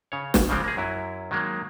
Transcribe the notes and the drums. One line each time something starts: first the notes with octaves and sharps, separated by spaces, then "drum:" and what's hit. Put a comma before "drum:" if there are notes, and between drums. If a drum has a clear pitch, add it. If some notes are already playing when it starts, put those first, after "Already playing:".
C#3 C#5
drum: snare
C#3 F3 G3 G#3 C4
A#3 G#4
F#2 F#3 E4
D#3 F#3 G#3 A#3